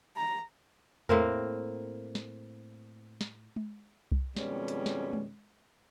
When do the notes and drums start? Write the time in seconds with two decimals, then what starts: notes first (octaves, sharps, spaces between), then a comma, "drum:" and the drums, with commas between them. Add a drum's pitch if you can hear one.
0.16 A#5
1.09 A2 A#3 C4 A#4, drum: tom E2
2.15 drum: snare
3.21 drum: snare
3.56 drum: tom G#3
4.12 drum: kick C2
4.36 F2 B2 D#3 G3 G#3 C#4, drum: snare
4.68 drum: hi-hat
4.86 drum: snare
5.13 drum: tom G#3